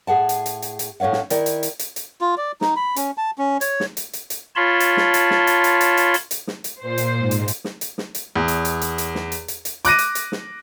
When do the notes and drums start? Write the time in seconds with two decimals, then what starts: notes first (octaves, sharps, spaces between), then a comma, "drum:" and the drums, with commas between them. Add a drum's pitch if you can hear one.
0.07 A2 G#4 F#5 A5
0.29 drum: hi-hat
0.46 drum: hi-hat
0.62 drum: hi-hat
0.79 drum: hi-hat
1.00 A2 C#4 C#5 F5 F#5
1.13 drum: snare
1.30 D#3 E4 D5, drum: hi-hat
1.46 drum: hi-hat
1.63 drum: hi-hat
1.79 drum: hi-hat
1.96 drum: hi-hat
2.21 F4
2.37 D5
2.61 D#4, drum: snare
2.76 B5
2.96 C#4, drum: hi-hat
3.18 A5
3.38 C#4
3.61 C#5, drum: hi-hat
3.80 drum: snare
3.97 drum: hi-hat
4.13 drum: hi-hat
4.30 drum: hi-hat
4.56 F4 C#5 A5 B5 C6
4.80 drum: hi-hat
4.97 drum: snare
5.14 drum: hi-hat
5.30 drum: snare
5.47 drum: hi-hat
5.64 drum: hi-hat
5.81 drum: hi-hat
5.97 drum: hi-hat
6.14 drum: hi-hat
6.31 drum: hi-hat
6.47 drum: snare
6.64 drum: hi-hat
6.81 A#2 C5
6.98 drum: hi-hat
7.18 G#2
7.31 drum: hi-hat
7.48 drum: hi-hat
7.64 drum: snare
7.81 drum: hi-hat
7.98 drum: snare
8.15 drum: hi-hat
8.36 E2
8.48 drum: hi-hat
8.65 drum: hi-hat
8.81 drum: hi-hat
8.98 drum: hi-hat
9.15 drum: snare
9.32 drum: hi-hat
9.48 drum: hi-hat
9.65 drum: hi-hat
9.85 D6 F#6 A#6 D#7, drum: hi-hat
9.98 drum: hi-hat
10.15 drum: hi-hat
10.32 drum: snare